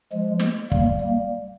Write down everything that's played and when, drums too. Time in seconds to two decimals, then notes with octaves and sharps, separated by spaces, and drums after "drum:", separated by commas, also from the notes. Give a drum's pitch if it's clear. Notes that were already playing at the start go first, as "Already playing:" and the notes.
0.13 F3 G#3
0.40 drum: snare
0.72 G3 A#3, drum: kick
1.01 G3 A#3